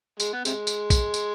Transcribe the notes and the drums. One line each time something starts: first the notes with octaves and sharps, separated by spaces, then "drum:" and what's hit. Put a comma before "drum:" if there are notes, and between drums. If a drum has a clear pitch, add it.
G#3, drum: tambourine
B3
C3 G#3, drum: tambourine
drum: tambourine
drum: kick, tambourine
drum: tambourine